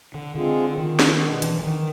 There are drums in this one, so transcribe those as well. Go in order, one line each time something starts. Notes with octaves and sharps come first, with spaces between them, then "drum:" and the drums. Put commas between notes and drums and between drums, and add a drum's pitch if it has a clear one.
D3
D3 G#3 C4 F4 G#4
D#3
drum: snare
B2 G#3 B3 D4
E3, drum: hi-hat
E3
D#3